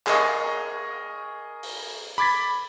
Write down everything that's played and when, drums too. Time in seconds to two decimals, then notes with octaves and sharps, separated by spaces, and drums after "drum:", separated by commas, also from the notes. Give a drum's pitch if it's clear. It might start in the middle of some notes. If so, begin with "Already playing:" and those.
0.07 G#4 A#4 D#5 C#6, drum: clap
1.63 drum: open hi-hat
2.18 B5 D6 G#6 A6 B6